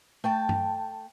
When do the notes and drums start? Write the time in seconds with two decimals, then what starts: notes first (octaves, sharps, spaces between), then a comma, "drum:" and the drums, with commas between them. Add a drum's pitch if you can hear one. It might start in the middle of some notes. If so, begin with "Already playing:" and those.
0.24 A3 G5 A5
0.49 drum: tom G2